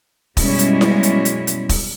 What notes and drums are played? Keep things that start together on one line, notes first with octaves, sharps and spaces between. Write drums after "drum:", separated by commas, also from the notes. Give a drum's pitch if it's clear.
F#2 B2 G3 G#3 C#4 E4, drum: kick, open hi-hat
drum: hi-hat
drum: snare E4
drum: hi-hat
drum: hi-hat
drum: hi-hat
drum: kick, open hi-hat